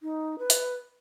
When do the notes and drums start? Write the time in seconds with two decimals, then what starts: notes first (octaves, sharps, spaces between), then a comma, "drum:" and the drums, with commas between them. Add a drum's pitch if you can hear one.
0.03 D#4
0.39 B4
0.50 drum: hi-hat